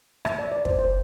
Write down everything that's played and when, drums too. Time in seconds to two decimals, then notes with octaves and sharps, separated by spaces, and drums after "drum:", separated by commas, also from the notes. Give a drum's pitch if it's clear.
0.25 E5, drum: rim click
0.39 D5
0.52 D5
0.65 C5, drum: kick
0.79 C5